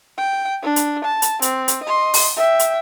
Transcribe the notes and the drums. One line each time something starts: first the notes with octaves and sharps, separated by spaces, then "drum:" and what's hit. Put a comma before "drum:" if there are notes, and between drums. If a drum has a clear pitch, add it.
G5
D4
drum: hi-hat
A5
drum: hi-hat
C4, drum: hi-hat
drum: hi-hat
D#5 C6
drum: open hi-hat
E5 G5
drum: hi-hat